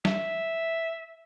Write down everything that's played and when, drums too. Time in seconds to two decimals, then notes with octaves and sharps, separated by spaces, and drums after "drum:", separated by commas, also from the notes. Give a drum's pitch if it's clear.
0.05 E5, drum: snare